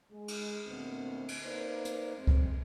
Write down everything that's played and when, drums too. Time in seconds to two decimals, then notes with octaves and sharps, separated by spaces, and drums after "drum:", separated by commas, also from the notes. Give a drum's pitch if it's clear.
0.12 G#3
0.28 drum: cymbal
0.67 D2 A#2 B3 C4
1.28 drum: cymbal
1.45 A#3 D#4 B4 C5 D5
1.85 drum: hi-hat
2.16 F2 G#3 A3 C4
2.27 drum: kick C2